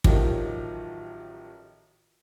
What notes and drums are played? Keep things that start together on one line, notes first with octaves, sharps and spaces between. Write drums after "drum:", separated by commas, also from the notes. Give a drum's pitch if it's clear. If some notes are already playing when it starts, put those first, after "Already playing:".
A1 D#3 F3 F#3 G4, drum: kick